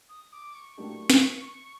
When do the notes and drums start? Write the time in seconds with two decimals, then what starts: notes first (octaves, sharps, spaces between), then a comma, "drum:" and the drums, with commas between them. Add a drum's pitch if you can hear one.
0.09 D#6
0.33 D6
0.55 C#6
0.77 A2 F#3 A#3 D4 G4 C#6
1.10 drum: snare